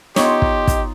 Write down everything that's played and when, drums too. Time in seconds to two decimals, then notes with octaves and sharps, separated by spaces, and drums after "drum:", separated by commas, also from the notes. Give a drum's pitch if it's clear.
0.16 B3 D#4 F4 G4 C#5 D#5 C6, drum: snare
0.42 drum: kick
0.67 drum: kick, hi-hat